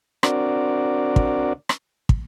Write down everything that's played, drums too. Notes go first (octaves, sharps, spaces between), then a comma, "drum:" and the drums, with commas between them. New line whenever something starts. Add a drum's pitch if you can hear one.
C4 D4 F#4 A#4 D5, drum: rim click
drum: kick
drum: rim click
drum: kick